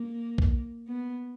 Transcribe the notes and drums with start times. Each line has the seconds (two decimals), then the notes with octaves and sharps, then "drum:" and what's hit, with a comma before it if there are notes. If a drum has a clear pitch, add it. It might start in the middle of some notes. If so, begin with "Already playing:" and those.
Already playing: A#3
0.38 drum: kick B1
0.87 B3